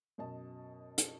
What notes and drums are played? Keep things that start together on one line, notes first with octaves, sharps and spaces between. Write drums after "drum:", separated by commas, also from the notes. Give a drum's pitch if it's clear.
F#2 B2 D#5 A5
drum: hi-hat